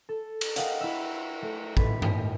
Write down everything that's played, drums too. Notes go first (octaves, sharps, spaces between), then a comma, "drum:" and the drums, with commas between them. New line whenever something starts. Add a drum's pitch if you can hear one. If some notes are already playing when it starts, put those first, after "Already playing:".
A4
drum: cymbal
G4 A#4 D#5 F5 F#5, drum: hi-hat
E4 E5
A3
G#1 A2 B4 B6, drum: kick
drum: tom G2